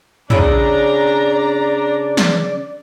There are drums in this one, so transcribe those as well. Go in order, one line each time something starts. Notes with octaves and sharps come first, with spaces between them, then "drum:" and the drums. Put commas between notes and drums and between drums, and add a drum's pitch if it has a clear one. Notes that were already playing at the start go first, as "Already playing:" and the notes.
C#3 D4 E4 D5 A#5, drum: tom
drum: snare